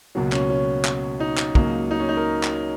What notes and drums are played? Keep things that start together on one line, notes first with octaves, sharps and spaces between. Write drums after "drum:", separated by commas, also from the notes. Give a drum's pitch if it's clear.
C#2 B2 F#3 A#3
C#4, drum: clap
C#4
drum: clap
D#4
drum: clap
C#2 C#3 F#3 A#3, drum: kick
D#4
C#4
D#4
A#4
drum: clap